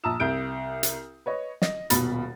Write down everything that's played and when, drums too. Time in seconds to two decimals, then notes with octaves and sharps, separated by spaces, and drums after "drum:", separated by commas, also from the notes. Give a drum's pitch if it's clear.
0.04 A#1 A5 A#5 D#6 E6 E7
0.20 C2 G6 D7
0.83 drum: hi-hat
1.26 B4 C#5 D#5
1.62 D#5, drum: snare
1.90 D#1 B1 B2 B5 A6, drum: hi-hat